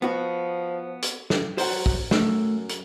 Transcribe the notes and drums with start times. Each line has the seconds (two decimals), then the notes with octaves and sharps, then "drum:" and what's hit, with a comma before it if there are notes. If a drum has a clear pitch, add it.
0.02 F3 B3 F#4
1.02 drum: hi-hat
1.30 drum: snare
1.58 F#3 C5 F#5, drum: open hi-hat
1.86 drum: kick
2.11 F#2 A3, drum: snare
2.69 drum: hi-hat